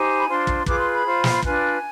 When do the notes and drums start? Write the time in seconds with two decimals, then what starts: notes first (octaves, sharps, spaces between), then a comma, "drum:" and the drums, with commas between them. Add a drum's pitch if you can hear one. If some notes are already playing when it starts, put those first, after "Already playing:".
Already playing: D#4 G4 C5 G#5
0.19 B5
0.28 D4 F4 C5 C6
0.47 drum: kick
0.66 F4 G#4 B4 D6, drum: kick
0.79 C6
0.92 B5
1.05 F4 C5
1.24 drum: snare
1.43 D4 F4 B4 G#5, drum: kick